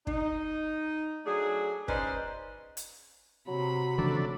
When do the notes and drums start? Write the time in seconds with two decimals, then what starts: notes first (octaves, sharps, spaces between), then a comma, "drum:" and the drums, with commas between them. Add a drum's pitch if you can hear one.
0.07 D#4, drum: kick
1.26 F#3 A3 D4 G#4
1.88 C#4 D#4 B4 C5 D5 D#5, drum: kick
2.77 drum: hi-hat
3.47 C3 F#3 B5
3.98 C#3 E3 F3 A3 D4